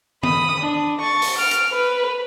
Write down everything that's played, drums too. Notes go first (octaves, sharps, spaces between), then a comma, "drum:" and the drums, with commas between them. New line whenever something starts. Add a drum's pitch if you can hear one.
B5 D#6, drum: tom D#3
D4
C#6 A6
drum: open hi-hat
F6 D7
drum: hi-hat
B4